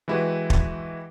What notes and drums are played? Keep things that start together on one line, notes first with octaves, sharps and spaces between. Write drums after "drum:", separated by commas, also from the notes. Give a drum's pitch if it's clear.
E3 G#3 E4 F#4 G4 B4
drum: kick